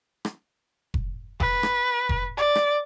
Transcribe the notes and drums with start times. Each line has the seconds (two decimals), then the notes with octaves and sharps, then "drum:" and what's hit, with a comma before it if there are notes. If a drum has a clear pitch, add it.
0.25 drum: rim click
0.94 drum: kick F1
1.40 B4, drum: kick F1
1.63 drum: rim click
2.09 drum: kick F1
2.37 D5
2.55 drum: rim click